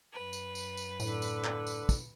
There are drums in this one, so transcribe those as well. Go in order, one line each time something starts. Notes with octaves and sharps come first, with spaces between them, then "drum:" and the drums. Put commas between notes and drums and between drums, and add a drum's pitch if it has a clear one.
F#2 B4
drum: tambourine
drum: tambourine
drum: tambourine
A2 D3, drum: tambourine
drum: tambourine
drum: clap
drum: tambourine
drum: kick, tambourine